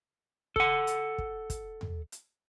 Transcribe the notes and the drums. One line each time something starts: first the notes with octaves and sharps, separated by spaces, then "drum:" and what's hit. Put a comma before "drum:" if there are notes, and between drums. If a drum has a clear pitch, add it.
A4 F#5, drum: kick
drum: hi-hat
drum: kick
drum: kick, hi-hat
drum: tom
drum: hi-hat